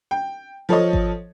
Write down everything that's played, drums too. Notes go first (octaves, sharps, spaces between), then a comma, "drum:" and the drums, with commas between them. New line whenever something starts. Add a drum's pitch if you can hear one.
G5
F3 A4 C#5 D#5
drum: kick G#1